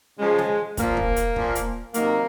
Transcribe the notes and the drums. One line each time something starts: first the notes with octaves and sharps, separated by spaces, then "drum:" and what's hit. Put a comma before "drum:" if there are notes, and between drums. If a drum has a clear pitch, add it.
C#3 F3 G#3
drum: snare
A#2 F3 A#3, drum: kick, hi-hat
drum: kick
drum: hi-hat
A#2 F3, drum: kick
drum: hi-hat
C3 D#3 F#3 A#3, drum: hi-hat